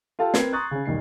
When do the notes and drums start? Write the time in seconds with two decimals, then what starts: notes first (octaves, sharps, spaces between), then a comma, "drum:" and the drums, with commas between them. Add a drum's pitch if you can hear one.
0.19 F4 G4 A4 F5 G5 A5
0.34 C4 A#4 B4 G#6 C7, drum: snare
0.53 A#5 C6 C#6 D#6 F#6 A6
0.71 C#3 C#4
0.85 E1 B1 D#3 G3 C7